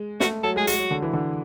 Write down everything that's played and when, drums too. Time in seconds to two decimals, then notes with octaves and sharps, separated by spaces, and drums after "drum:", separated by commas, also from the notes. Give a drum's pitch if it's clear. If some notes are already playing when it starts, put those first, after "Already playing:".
Already playing: G#3
0.20 A3 F#4, drum: snare
0.44 F#3 A4
0.56 G#3 G#4
0.67 G#3 F#4, drum: hi-hat
0.79 F#3
0.91 D3
1.02 E3
1.14 D3